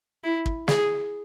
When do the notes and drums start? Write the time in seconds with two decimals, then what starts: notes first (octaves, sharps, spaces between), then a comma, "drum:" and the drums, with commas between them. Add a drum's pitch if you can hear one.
0.24 E4
0.46 drum: kick
0.68 G#4, drum: snare